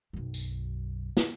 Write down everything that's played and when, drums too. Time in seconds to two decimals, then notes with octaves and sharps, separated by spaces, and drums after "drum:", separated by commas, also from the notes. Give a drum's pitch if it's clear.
0.13 B1 F#2
0.34 drum: tambourine
1.17 drum: snare